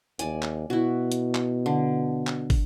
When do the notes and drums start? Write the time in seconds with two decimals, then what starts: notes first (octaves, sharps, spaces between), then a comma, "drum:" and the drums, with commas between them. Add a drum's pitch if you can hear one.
0.19 D#2 D5 G#5, drum: hi-hat
0.42 drum: clap
0.70 B2 E4 F#4
1.12 drum: hi-hat
1.35 drum: clap
1.66 D3
2.27 drum: clap
2.50 drum: kick, open hi-hat